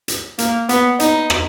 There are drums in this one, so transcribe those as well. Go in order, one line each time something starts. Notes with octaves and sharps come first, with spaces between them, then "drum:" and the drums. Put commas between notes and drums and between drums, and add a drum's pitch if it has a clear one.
drum: hi-hat
A#3, drum: hi-hat
B3, drum: hi-hat
D#4, drum: hi-hat
drum: rim click